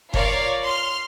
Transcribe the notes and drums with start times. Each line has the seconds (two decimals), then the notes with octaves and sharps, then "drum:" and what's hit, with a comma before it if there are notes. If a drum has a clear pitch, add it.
0.14 F4 A#4 C#5 D5 F5, drum: kick F#1
0.64 C6 F6